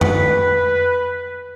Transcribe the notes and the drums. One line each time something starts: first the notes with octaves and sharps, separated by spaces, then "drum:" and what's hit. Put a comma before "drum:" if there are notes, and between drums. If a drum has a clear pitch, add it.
B4, drum: tom F2